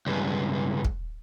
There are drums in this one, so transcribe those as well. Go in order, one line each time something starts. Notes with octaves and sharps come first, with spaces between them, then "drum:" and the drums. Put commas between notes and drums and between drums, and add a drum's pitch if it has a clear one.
C#2 G2
drum: kick